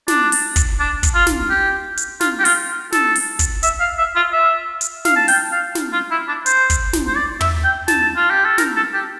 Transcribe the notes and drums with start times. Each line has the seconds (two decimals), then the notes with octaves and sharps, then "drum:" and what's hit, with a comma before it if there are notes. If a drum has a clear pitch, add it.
0.08 D4, drum: snare
0.32 drum: open hi-hat
0.56 drum: kick, hi-hat
0.79 D4
1.03 drum: kick, hi-hat
1.15 F4
1.27 drum: snare
1.50 G4
1.97 drum: hi-hat
2.21 F4, drum: snare
2.40 G4
2.45 F4, drum: open hi-hat
2.92 A4, drum: snare
3.15 drum: open hi-hat
3.39 drum: kick, hi-hat
3.63 E5, drum: hi-hat
3.80 F5
3.98 E5
4.16 F4
4.33 E5
4.81 drum: hi-hat
5.05 F5, drum: snare
5.16 A5
5.28 G5, drum: open hi-hat
5.52 F5
5.75 drum: snare
5.92 F4
6.11 E4
6.28 D4
6.46 C5, drum: hi-hat
6.70 drum: kick, hi-hat
6.93 drum: snare
7.07 C5
7.16 D5
7.41 E5, drum: tom
7.64 G5
7.88 A5, drum: snare
8.16 F4
8.30 G4
8.45 A4
8.58 A#4, drum: snare
8.76 A4
8.94 G4